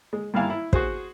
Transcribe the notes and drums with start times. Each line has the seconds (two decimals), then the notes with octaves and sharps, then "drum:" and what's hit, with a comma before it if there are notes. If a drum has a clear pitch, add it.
0.13 G#3
0.34 G2 G3 A#3 E4 F5 G#5
0.50 E4
0.73 F#4 G#4 C5, drum: kick